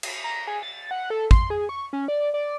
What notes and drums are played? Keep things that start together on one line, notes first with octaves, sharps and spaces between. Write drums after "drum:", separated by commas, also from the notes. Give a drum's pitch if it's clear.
drum: cymbal
A#5
G#4
A6
F#5
A4
C6, drum: kick
G#4
C#6
C#4
D5
D5